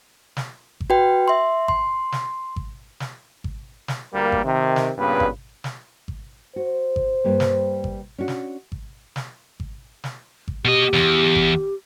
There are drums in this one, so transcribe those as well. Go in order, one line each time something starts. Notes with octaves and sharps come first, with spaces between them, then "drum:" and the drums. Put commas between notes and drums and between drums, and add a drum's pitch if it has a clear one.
drum: snare
drum: kick G#1
F#4 B4 G5
E5 C6
C6, drum: kick G#1
drum: snare
drum: kick G#1
drum: snare
drum: kick G#1
drum: snare
D2 G3 A#3
drum: kick G#1
C3 D#3
drum: snare
G2 A#2 C#3 B3 B4
drum: kick G#1
drum: snare
drum: kick G#1
F#4 C5
drum: kick G#1
G2 G3 A#3
drum: snare
drum: kick G#1
C#4 D4 F#4
drum: snare
drum: kick G#1
drum: snare
drum: kick G#1
drum: snare
drum: kick G#1
B2 G4 D#5
E2, drum: snare
drum: kick G#1